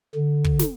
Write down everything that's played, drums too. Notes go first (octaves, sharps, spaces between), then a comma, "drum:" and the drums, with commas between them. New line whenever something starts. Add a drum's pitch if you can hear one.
D3
drum: kick
drum: snare